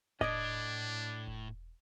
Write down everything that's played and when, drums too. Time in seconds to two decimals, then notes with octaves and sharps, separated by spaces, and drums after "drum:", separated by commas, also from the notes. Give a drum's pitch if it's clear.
0.21 A2 D4 D#5 D6 G#6 D7, drum: kick E1
1.27 drum: kick E1